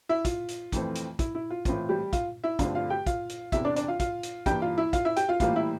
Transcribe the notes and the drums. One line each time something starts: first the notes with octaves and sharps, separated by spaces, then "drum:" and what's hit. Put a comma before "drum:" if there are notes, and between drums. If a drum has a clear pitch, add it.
E4 E5
F4, drum: kick, hi-hat
drum: hi-hat
F2 E3 A3 C4, drum: kick, hi-hat
drum: hi-hat
E4, drum: kick, hi-hat
E4
F4
A2 E3 A3 C4 F4, drum: kick, hi-hat
G3 G4
F4 F5, drum: kick, hi-hat
E4 E5
G2 D3 A3 C4 F4 F5, drum: kick, hi-hat
F4 F5
G4 G5
F4 F5, drum: kick, hi-hat
drum: hi-hat
E2 C3 E3 E4 E5, drum: kick, hi-hat
D4 D5
D4 D5, drum: hi-hat
F4 F5
F4 F5, drum: kick, hi-hat
drum: hi-hat
G2 E3 A#3 G4 G5, drum: kick, hi-hat
F4 F5
E4 E5
F4 F5, drum: kick, hi-hat
E4 E5
G4 G5, drum: hi-hat
F4 F5
A2 E3 G3 A#3 F4 F5, drum: kick, hi-hat
E4 E5